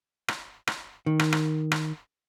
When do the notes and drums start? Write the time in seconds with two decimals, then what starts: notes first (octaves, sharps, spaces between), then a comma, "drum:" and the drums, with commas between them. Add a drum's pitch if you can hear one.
0.28 drum: rim click
0.67 drum: rim click
1.06 D#3
1.19 drum: rim click
1.32 drum: rim click
1.72 drum: rim click